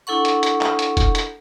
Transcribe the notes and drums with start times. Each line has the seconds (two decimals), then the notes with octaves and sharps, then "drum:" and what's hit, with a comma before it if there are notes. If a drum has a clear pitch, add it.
0.07 D4 E4 A4 F#5 C#6
0.25 drum: hi-hat
0.43 drum: hi-hat
0.61 drum: clap
0.79 drum: hi-hat
0.97 drum: kick, hi-hat
1.15 drum: hi-hat